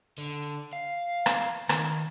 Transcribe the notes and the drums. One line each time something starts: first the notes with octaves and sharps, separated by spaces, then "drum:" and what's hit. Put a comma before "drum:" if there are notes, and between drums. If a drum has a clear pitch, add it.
D3
F5
drum: rim click
D#3, drum: rim click